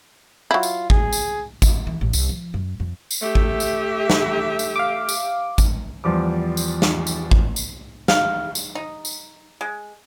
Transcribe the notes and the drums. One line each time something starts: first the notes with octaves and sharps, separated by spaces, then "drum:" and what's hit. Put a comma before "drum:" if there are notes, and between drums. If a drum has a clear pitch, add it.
F#3 E4 F4
drum: tambourine
G#4, drum: kick G#1
drum: tambourine
drum: kick G#1, tambourine
E3
A1
C2, drum: tambourine
F3
F#2
F2
drum: tambourine
A3 G4 E5
drum: kick G#1
drum: tambourine
drum: snare
drum: tambourine
F5 D6
drum: tambourine
drum: kick G#1, tambourine
E2 F3 G3 D6
drum: tambourine
drum: snare
drum: tambourine
drum: kick G#1
drum: tambourine
F5, drum: snare
drum: tambourine
D#4
drum: tambourine
G#3